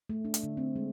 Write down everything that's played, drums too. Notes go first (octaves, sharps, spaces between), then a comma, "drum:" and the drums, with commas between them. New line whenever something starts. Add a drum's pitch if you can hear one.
A3
D4
drum: hi-hat
D3
C4
G#3